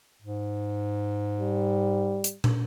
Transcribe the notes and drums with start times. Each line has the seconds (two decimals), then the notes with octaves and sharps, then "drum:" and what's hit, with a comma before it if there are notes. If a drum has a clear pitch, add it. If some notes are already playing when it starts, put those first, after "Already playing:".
0.22 G#2
1.40 G3
2.24 drum: hi-hat
2.44 drum: tom